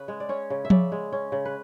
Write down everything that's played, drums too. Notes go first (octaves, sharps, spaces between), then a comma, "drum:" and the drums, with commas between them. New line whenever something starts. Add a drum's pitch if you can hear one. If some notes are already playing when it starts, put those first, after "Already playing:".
Already playing: C#3 B4
G#3
D5
C#4 C#5
C#3
E5
C#3 D5, drum: tom F3
G#3
C#4
C#3
B4